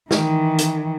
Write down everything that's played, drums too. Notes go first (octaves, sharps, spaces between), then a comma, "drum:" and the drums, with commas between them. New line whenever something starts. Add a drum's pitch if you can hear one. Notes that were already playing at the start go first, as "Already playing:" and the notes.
D#3 E3, drum: snare
drum: hi-hat